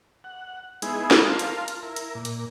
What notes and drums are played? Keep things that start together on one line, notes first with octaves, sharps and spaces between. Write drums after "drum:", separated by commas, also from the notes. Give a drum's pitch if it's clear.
F#5
G#3 B3 D#4 E4 G#4, drum: hi-hat
drum: snare
F4 A#4 F5 A5 C6
drum: hi-hat
drum: hi-hat
E4 A#4
drum: hi-hat
A#2
drum: hi-hat